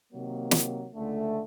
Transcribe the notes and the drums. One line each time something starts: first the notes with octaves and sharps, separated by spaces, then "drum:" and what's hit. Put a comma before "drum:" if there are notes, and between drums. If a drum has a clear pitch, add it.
C3 D#3 F#3 A#3
drum: snare
C#2 D3 A3